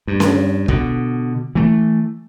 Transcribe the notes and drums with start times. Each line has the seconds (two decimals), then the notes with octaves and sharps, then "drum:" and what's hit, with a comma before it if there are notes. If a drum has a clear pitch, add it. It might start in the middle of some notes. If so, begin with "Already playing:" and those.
0.07 G2
0.20 drum: snare C#4
0.68 B2 D3, drum: kick
1.55 E3 A3